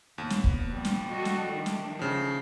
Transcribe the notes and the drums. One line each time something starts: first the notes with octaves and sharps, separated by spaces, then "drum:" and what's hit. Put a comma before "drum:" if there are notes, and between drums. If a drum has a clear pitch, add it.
D#2 A#2 B3
drum: snare
drum: kick
F3 G3
drum: snare
F#4 A4 D#5
drum: snare
D#3 A3 D4
drum: snare
C#3 F3